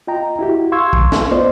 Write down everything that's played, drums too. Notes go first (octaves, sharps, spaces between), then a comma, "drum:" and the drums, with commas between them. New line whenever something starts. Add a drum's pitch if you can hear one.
F4 D#5 G5 A#5
E4 F#4 G4
F5 C6 C#6 E6 G#6
drum: kick
drum: snare
A#3 B3 F4 C5 D5 D#5